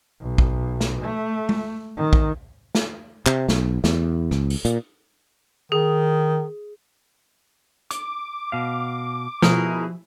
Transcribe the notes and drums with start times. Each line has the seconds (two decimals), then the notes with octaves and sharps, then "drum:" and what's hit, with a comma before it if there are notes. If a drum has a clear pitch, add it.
0.21 B1
0.38 drum: kick A#1
0.80 drum: snare
1.01 A3
1.49 drum: tom G#3
1.97 D#3
2.13 drum: kick A#1
2.75 drum: snare
3.26 C3, drum: clap
3.48 B1, drum: snare
3.84 E2, drum: snare
4.31 C#2, drum: rim click
4.50 drum: open hi-hat
4.65 A#2, drum: hi-hat
5.72 D#3 G#4
7.91 D6, drum: hi-hat
8.52 B2 F5
9.42 B2 F3 E4 G#4 A#4, drum: snare